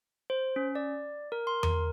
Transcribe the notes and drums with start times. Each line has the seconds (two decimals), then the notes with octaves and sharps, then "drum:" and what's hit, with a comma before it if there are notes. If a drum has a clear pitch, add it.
0.30 C5
0.56 C#4
0.75 D5
1.32 A#4
1.47 C6
1.63 A#4, drum: tom E2